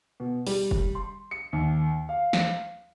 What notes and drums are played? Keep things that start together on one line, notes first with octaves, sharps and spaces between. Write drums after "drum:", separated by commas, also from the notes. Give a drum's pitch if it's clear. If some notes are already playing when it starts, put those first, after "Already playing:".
B2
G3, drum: open hi-hat
drum: kick F1
C6
C#7
D#2
F5
drum: snare